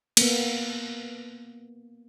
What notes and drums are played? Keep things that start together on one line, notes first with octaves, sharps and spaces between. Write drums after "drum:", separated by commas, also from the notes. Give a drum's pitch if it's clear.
A#3 B3, drum: cymbal